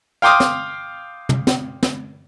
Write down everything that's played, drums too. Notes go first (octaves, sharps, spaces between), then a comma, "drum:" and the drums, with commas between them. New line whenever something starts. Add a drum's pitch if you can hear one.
F5 G5 C6 D6 D#6 F6
drum: snare
drum: tom
drum: snare
drum: snare